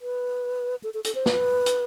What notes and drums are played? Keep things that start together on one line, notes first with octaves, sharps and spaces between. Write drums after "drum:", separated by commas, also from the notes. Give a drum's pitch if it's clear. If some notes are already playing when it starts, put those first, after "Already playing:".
B4
A4
A4
A4, drum: hi-hat
C5
B4, drum: snare
drum: hi-hat